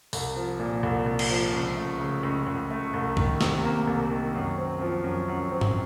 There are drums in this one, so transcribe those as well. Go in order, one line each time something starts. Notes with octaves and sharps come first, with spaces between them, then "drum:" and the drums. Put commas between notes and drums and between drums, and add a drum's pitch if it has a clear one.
C2, drum: open hi-hat
F3
A#2
C2
C2
drum: cymbal
F3
C#2
A3
C#3
C#2
C#2
A3
C2
D#3, drum: kick C#2
C3, drum: snare
A#3
C2
D#3
F#2
C4
F3
F#2
F#2
C4
drum: tom G2